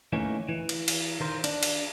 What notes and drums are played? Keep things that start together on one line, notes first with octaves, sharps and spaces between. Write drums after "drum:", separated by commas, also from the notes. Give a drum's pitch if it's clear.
E3 A3 A#3 C#4 D#4
E3
drum: cymbal
drum: cymbal
D#3 A#4 C5
D4, drum: cymbal
drum: cymbal